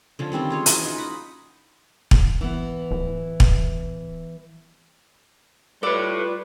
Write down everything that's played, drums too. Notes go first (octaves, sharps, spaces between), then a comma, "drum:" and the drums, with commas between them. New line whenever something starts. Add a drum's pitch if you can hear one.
D3 F3 C#4
D#3 G3 C4 C#4
F4 G#4 C#5
E3 F#4 B4, drum: hi-hat
D#4 F4 F#4
F#5 B5
G#1, drum: kick
E3 B3
D1
drum: kick
G3 F4 A4 B4 C#5 D5